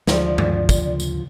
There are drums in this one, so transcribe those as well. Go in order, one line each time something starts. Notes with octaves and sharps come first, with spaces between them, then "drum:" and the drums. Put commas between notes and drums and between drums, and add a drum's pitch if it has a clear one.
D2 F3 D5, drum: snare
drum: tom G2
drum: kick, tambourine
drum: tambourine